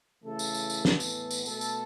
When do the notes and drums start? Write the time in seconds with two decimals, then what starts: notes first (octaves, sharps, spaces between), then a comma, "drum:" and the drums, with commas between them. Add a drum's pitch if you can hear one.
0.24 C#3 E3 A3 A4
0.39 drum: tambourine
0.54 drum: tambourine
0.70 drum: tambourine
0.85 A2 E3 B3 A4, drum: snare
1.00 drum: tambourine
1.31 drum: tambourine
1.46 B2 A3 A4, drum: tambourine
1.61 drum: tambourine